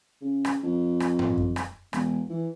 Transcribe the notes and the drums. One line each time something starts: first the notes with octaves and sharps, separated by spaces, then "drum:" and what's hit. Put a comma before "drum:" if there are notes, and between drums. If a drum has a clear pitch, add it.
C#3
drum: rim click
F2
drum: rim click
drum: tom G2
drum: kick F#2
drum: rim click
E1, drum: rim click
E3